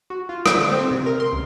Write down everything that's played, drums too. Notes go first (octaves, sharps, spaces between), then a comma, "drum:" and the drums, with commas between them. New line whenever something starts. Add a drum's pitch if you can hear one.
F#4
F4
D3, drum: rim click
D3
C4
C3
A#4
C6
C#2